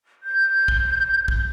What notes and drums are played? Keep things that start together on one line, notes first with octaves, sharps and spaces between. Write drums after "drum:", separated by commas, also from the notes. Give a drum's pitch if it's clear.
G6
drum: kick
drum: kick